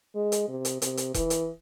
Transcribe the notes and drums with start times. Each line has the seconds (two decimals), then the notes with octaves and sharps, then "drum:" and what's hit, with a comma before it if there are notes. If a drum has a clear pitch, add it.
0.15 G#3
0.32 drum: hi-hat
0.48 C3
0.65 drum: hi-hat
0.82 C3, drum: hi-hat
0.97 drum: hi-hat
1.14 E3, drum: kick E1, hi-hat
1.30 drum: hi-hat